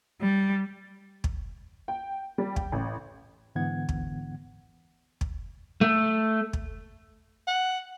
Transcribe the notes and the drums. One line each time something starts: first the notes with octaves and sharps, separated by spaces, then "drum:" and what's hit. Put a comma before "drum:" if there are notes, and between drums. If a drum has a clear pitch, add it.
G3
drum: kick
G5
G3
G5, drum: kick
A1
G#2 D3 E3 B3 F#5 G#6
drum: kick
drum: kick
A3
drum: kick
F#5